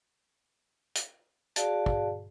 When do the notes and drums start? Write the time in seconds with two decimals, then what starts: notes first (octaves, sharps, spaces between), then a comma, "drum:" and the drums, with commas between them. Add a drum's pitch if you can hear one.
0.95 drum: hi-hat
1.56 F#4 G#4 D5 F5 A5, drum: hi-hat
1.86 drum: kick